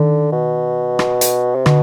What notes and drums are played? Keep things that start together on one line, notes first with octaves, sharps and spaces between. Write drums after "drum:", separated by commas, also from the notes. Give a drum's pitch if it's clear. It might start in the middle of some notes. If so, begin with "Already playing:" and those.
Already playing: D3 D#3
B2
drum: rim click
drum: hi-hat
C3
B2 D3, drum: rim click